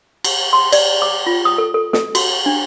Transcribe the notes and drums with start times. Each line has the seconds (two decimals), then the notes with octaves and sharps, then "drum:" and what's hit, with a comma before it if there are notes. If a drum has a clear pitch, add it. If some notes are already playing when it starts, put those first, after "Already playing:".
0.24 drum: cymbal
0.53 C6
0.72 D5, drum: cymbal
1.02 D6
1.27 F4
1.45 D#6
1.58 A4
1.74 A4
1.93 A4, drum: snare
2.15 F#4, drum: cymbal
2.46 D4